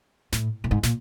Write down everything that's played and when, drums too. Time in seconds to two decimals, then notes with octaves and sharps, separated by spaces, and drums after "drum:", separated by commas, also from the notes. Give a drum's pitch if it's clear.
0.32 A2, drum: snare
0.64 A2
0.71 G#2
0.83 A#2, drum: snare